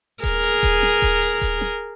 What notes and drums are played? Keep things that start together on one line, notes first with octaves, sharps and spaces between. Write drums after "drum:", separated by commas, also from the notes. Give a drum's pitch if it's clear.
G#4 A#4, drum: kick D#1, hi-hat
drum: hi-hat
drum: kick D#1, hi-hat
drum: snare
drum: kick D#1, hi-hat
drum: hi-hat
drum: kick D#1, hi-hat
drum: snare